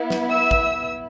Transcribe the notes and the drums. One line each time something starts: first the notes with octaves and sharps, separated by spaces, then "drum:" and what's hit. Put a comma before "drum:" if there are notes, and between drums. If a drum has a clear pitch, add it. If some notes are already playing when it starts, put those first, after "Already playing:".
Already playing: B3 E4
drum: snare
E5 E6
drum: kick